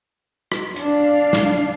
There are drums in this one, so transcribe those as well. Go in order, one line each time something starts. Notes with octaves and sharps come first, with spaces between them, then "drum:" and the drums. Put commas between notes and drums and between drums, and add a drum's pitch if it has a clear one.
drum: rim click
D4 F5, drum: hi-hat
drum: snare